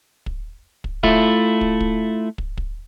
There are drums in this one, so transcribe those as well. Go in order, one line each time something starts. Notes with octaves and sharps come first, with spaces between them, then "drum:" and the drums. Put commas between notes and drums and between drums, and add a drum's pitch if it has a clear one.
drum: kick
drum: kick
A3 E4 F4, drum: kick
drum: kick
drum: kick
drum: kick
drum: kick